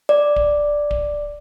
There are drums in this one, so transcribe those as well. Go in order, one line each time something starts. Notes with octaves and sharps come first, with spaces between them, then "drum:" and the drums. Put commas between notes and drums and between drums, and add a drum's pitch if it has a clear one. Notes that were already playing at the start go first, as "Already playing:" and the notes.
D5
drum: kick D1
drum: kick D1